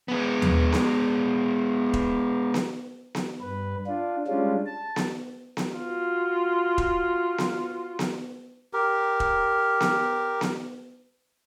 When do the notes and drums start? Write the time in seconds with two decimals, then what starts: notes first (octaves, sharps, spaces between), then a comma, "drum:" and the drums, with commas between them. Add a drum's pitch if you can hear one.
0.08 G#3 B3
0.42 drum: tom D#2
0.72 drum: snare B3
1.94 drum: kick E1
2.54 drum: snare B3
3.15 drum: snare B3
3.41 G2 B4
3.87 D4 F4
4.27 G3 G#3 C#4 D4 F4
4.66 A5
4.96 drum: snare B3
5.57 drum: snare B3
5.77 F4 F#4
6.78 drum: kick E1
7.38 drum: snare B3
7.99 drum: snare B3
8.73 G4 A#4
9.20 drum: kick E1
9.81 drum: snare B3
10.41 drum: snare B3